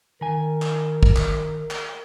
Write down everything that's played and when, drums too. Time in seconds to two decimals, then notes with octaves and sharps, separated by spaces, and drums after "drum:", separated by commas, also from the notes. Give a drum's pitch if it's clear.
0.21 D#3 A#4 G#5
0.62 drum: clap
1.03 drum: kick
1.16 drum: clap
1.71 drum: clap